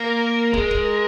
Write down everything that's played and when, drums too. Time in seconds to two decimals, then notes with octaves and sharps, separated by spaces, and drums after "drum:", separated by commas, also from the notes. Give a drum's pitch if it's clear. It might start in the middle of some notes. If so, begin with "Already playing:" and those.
Already playing: A#3 A#4
0.53 G#3, drum: kick
0.71 drum: kick